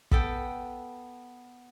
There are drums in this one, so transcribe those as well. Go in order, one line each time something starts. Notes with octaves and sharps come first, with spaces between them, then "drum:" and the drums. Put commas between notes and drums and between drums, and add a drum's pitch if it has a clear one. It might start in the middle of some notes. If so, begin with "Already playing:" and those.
B3 A4 G5, drum: kick